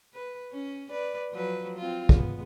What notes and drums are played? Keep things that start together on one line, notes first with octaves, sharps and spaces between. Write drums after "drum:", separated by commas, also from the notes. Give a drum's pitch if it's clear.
B4
C#4
B4 D5
F3 F#3 B4
C4 F4
G#3 B3, drum: kick